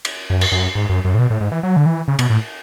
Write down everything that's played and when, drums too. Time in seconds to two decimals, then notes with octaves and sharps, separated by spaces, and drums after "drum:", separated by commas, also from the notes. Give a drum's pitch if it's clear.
0.05 drum: cymbal
0.30 F#2
0.41 drum: cymbal
0.52 F#2
0.75 G#2
0.89 F#2
1.05 F#2
1.14 A2
1.19 B2
1.30 A2
1.41 G#2
1.52 E3
1.63 F#3
1.76 D3
1.86 E3
2.08 C#3
2.19 B2, drum: cymbal
2.30 A2